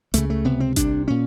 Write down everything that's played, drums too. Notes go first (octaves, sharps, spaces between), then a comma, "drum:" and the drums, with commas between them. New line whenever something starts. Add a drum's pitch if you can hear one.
C#2 C#3 A3, drum: hi-hat
A3
C#2 C3 B3
C4
C2 C3 D4, drum: kick G#1, hi-hat
A#2 C#4